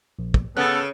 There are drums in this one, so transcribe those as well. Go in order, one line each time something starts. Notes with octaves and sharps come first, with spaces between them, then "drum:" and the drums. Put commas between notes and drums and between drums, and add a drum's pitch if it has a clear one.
A#1
drum: kick
C#3 B3 A4 F#6 A6